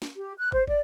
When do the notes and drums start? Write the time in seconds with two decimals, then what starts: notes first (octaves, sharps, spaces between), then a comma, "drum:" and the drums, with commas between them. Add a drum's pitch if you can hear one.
0.02 drum: snare
0.15 G4
0.38 F#6
0.52 C5, drum: kick
0.67 D5, drum: kick